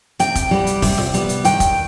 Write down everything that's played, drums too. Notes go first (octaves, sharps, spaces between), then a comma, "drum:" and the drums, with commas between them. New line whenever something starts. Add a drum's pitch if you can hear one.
C3 G5, drum: hi-hat
drum: kick F1, hi-hat
G3 B3
drum: hi-hat
C3, drum: kick F1, open hi-hat
drum: snare F4
G3 B3, drum: hi-hat
drum: hi-hat
D#3 G5, drum: hi-hat
drum: kick F1, hi-hat